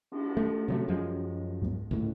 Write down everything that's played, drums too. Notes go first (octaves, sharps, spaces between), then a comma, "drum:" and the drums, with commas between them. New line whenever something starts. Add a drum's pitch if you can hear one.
drum: cymbal
A3
C3 F#3 A3
F#2 F3 F#3 G#3
drum: tom G#2
C#2 A2